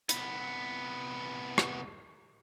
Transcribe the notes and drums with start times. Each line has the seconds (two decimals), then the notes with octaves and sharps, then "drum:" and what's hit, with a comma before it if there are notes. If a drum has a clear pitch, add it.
0.09 C2 B3, drum: hi-hat
1.58 drum: rim click